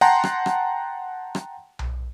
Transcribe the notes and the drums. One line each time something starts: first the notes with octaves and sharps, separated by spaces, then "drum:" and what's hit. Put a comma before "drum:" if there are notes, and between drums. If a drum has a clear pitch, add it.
F#5 G5 A5 A#5 C6
drum: rim click
drum: rim click
drum: rim click
drum: tom B1